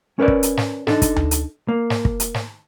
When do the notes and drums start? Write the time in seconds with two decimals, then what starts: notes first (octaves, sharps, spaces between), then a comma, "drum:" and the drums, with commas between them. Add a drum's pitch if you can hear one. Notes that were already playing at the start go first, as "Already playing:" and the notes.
0.19 C#4 A#4 B4 C#5 D5
0.28 drum: kick
0.43 drum: hi-hat
0.57 drum: snare
0.87 D4 D#4 A4, drum: snare
1.02 drum: kick, hi-hat
1.16 drum: tom D2
1.31 drum: hi-hat
1.68 A#3
1.90 drum: snare
2.05 drum: kick
2.20 drum: hi-hat
2.34 drum: snare